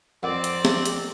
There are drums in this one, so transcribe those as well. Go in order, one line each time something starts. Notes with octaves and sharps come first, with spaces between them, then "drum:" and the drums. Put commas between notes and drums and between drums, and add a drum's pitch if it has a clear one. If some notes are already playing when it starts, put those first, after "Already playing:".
F2 C4 A#4 D5 F#5
drum: hi-hat
drum: snare
drum: hi-hat